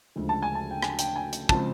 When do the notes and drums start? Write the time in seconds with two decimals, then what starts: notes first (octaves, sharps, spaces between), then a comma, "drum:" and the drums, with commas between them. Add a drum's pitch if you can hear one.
0.16 D2 C#3 F3 G#3
0.29 A5
0.42 G#5
0.55 A5
0.71 G5
0.83 G#5, drum: rim click
0.99 G5, drum: hi-hat
1.16 G#5
1.33 drum: hi-hat
1.49 C#3 F3 G#3 C4 A5, drum: kick